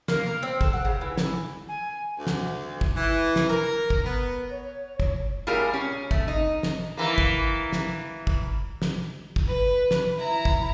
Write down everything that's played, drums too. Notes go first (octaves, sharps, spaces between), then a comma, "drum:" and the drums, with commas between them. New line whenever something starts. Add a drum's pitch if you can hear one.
A#3, drum: snare
A#4
C4
A4, drum: kick
F#5
C#3
E3
drum: snare
G#5
D2
drum: snare
drum: kick
E3
drum: snare
A#4
drum: kick
B3
C#5
drum: kick
A2 G3 F4 G#4 A#4
C#4
A3, drum: kick
D#4
drum: snare
E3 A#3
drum: kick
drum: snare
drum: kick
drum: snare
drum: kick
B4
drum: snare
E4 A#5
drum: kick